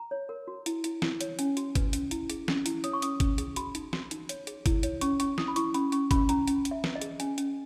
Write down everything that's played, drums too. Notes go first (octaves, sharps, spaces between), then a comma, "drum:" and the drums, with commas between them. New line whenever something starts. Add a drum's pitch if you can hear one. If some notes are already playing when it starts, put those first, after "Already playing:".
Already playing: A#5
C#5
A#4
F#4
E4, drum: hi-hat
E4, drum: hi-hat
E4, drum: snare
C#5, drum: hi-hat
C#4 G#5, drum: hi-hat
F#4, drum: hi-hat
B4, drum: kick, hi-hat
C#4, drum: hi-hat
E4, drum: hi-hat
G#4, drum: hi-hat
C#4, drum: snare
E4, drum: hi-hat
C#5 D#6, drum: hi-hat
C#6
C#4 D#6, drum: hi-hat
C#4, drum: kick, hi-hat
G#4, drum: hi-hat
F#4 B5, drum: hi-hat
D#4, drum: hi-hat
F#4, drum: snare
D#4, drum: hi-hat
C#5, drum: hi-hat
G#4, drum: hi-hat
E4, drum: kick, hi-hat
C#5, drum: hi-hat
C#4 C#6, drum: hi-hat
C#4 C#6, drum: hi-hat
E4 D#6, drum: snare
B5
E4 C#6, drum: hi-hat
C#4 B5, drum: hi-hat
C#4 C#6, drum: hi-hat
C#4 B5, drum: kick, hi-hat
C#4 A#5, drum: hi-hat
C#4, drum: hi-hat
C#4, drum: hi-hat
E5
B4, drum: snare
D#5
G#4, drum: hi-hat
C#4 G#5, drum: hi-hat
C#4, drum: hi-hat